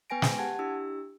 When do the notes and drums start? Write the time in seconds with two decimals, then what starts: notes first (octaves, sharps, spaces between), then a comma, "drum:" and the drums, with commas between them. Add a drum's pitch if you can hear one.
0.10 B3 B4 G5 G#5 A#6 D7
0.22 drum: snare
0.39 G4 F#5 A5 G#6
0.59 D4 E4 G4 E6